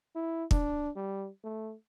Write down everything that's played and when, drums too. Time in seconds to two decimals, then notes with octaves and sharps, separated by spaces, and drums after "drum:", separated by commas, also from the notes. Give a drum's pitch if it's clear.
0.15 E4
0.51 D4, drum: kick
0.96 G3
1.44 A3